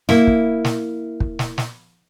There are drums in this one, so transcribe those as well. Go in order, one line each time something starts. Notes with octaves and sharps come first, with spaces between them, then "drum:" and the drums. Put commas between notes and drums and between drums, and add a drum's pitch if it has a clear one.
A#3 E4, drum: snare
drum: kick
drum: snare
drum: kick
drum: snare
drum: snare